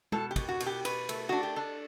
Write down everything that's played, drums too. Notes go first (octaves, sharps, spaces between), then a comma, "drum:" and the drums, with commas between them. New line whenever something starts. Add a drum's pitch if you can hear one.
B2 A4, drum: tom G#3
G4
B2, drum: kick, cymbal
F#4
B2, drum: cymbal
G4
B2 B4, drum: cymbal
A3, drum: cymbal
D4 F#4
G4
D4 A4